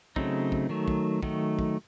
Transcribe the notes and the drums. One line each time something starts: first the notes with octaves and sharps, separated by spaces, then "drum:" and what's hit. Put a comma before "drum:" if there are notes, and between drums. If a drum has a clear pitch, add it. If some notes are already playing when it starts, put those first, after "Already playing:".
C#3 F#3 A3 C4 D#4, drum: kick
drum: kick
D#3 F#3 A3
drum: kick
D#3 F#3 A3, drum: kick
drum: kick